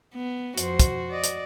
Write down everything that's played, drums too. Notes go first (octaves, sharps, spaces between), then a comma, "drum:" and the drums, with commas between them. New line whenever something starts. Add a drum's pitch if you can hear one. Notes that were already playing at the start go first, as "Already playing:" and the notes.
B3
F2 F#4 C5, drum: hi-hat
drum: kick, hi-hat
D5 D#5
drum: hi-hat